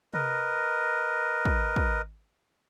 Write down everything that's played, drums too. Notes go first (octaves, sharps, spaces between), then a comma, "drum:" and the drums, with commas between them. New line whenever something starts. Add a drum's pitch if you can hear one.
A#4 B4 D#5, drum: tom C3
drum: kick
drum: kick